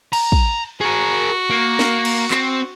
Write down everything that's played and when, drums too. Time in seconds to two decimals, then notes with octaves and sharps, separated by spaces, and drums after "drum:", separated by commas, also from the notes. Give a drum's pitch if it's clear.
0.13 A#5, drum: cymbal
0.32 drum: kick
0.81 F#4 G#4 A#4
1.50 A#3
1.79 drum: snare
2.05 drum: cymbal
2.31 C4, drum: clap